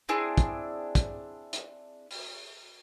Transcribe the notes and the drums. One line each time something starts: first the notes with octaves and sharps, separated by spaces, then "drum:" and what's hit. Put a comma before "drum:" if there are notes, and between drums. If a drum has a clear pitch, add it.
C4 D4 E4 G#4
drum: kick, hi-hat
drum: kick, hi-hat
drum: hi-hat
drum: open hi-hat